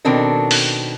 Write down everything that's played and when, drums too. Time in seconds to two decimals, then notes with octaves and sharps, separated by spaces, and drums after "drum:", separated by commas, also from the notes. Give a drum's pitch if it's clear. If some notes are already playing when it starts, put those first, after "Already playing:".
0.05 B2 D#3 C4 D4 A4 A#4
0.51 drum: open hi-hat